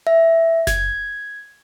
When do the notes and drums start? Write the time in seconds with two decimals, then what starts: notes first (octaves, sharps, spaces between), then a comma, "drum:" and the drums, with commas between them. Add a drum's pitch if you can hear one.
0.07 E5
0.67 G#6, drum: snare F#1